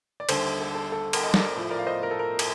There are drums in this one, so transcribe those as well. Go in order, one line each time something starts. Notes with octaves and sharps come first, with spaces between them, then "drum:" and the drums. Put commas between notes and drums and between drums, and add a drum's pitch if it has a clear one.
D5
D#2 D3 G3 A4 C5, drum: cymbal
A4
A4
A4
A#4, drum: cymbal
D#5
A#4 D5, drum: snare
A2 F3 A3
A#4 D5
F5
C5 D#5
A#4
A4
A#4
drum: cymbal